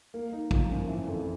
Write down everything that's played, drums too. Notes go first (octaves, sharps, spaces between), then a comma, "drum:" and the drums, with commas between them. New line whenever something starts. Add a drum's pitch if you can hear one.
A#3
D#4
F3, drum: kick
F#2
E3
F2